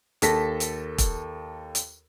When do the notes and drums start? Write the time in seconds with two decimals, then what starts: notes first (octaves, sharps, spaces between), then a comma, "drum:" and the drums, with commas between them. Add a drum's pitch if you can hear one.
0.22 D#2 A4 A5 A#6 B6, drum: hi-hat
0.60 drum: hi-hat
0.98 drum: kick E1, hi-hat
1.75 drum: hi-hat